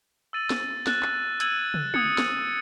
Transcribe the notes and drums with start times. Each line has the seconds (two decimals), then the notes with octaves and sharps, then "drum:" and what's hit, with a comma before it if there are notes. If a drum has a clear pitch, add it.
0.33 E6 A6 D#7 F#7
0.50 drum: snare
0.87 F#6 A6 E7, drum: snare
1.03 drum: clap
1.40 E6 G#6 D#7 F#7, drum: hi-hat
1.74 drum: tom
1.94 D#6 G#6 C#7, drum: tom
2.18 drum: snare